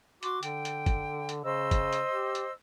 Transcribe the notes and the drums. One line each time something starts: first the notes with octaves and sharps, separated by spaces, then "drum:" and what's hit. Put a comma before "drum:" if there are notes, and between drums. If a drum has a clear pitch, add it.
F#4 C6 D6, drum: hi-hat
D3 G5, drum: hi-hat
drum: hi-hat
drum: kick, hi-hat
drum: hi-hat
C#3 C5 D#5 E6
drum: kick, hi-hat
drum: hi-hat
G4
drum: hi-hat